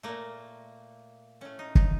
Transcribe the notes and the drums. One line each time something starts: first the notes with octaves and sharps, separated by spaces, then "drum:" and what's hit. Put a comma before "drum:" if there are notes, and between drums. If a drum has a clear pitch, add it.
A#2 A3 A#3
A2 A3 C#4
D#4
D#4, drum: kick